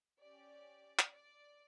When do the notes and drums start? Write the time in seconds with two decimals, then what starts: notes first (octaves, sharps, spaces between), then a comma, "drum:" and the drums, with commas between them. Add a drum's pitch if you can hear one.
0.21 C#4 G4 D5
0.99 drum: clap
1.13 D5